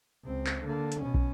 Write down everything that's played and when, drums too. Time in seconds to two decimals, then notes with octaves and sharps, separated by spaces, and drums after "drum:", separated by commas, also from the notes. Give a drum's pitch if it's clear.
0.24 C#2 C4
0.46 drum: clap
0.65 D3 A#3
0.92 drum: hi-hat
1.02 B2 C#4
1.14 drum: kick